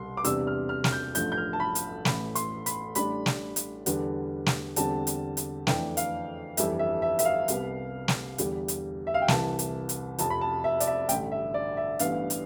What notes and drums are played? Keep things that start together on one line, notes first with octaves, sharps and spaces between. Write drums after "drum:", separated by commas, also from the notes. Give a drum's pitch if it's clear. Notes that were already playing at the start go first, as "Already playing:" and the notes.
Already playing: C2 B2 G3 C6
D6
E2 C3 G3 B3 D4 E6, drum: hi-hat
F6
F6
F6, drum: snare
G6
A1 G2 F3 A3 G6, drum: hi-hat
G6
F6
A5
B5
drum: hi-hat
A1 A2 E3 B5, drum: snare
C6, drum: hi-hat
B5, drum: hi-hat
A1 A2 G3 D4 B5, drum: hi-hat
drum: snare
drum: hi-hat
E2 D3 G3 B3 D4, drum: hi-hat
drum: snare
E2 D3 G3 C4 A5, drum: hi-hat
drum: hi-hat
drum: hi-hat
F2 E3 A3 D4 G5, drum: snare
F5, drum: hi-hat
G1 F2 E3 G3 E5, drum: hi-hat
E5
E5
E5, drum: hi-hat
F5
C2 C3 G3 B3, drum: hi-hat
drum: snare
E2 D3 G3, drum: hi-hat
drum: hi-hat
E5
F5
G5
C2 C3 E3 A5, drum: snare
drum: hi-hat
drum: hi-hat
F2 C3 F3 A5, drum: hi-hat
B5
A5
E5
D5, drum: hi-hat
E5
A1 G2 D3 G5, drum: hi-hat
E5
D5
E5
A1 G2 E3 B3 F5, drum: hi-hat
drum: hi-hat